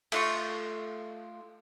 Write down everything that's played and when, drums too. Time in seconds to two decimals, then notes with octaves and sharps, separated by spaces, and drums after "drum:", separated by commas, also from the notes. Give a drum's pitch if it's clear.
0.12 A3 F4 C#6, drum: cymbal